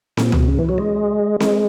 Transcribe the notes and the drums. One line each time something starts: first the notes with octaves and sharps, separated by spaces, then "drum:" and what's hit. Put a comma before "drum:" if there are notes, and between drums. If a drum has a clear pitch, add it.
A#2, drum: snare C4
B2, drum: tom C#2
C#3
E3
F#3
G#3
G#3, drum: snare C4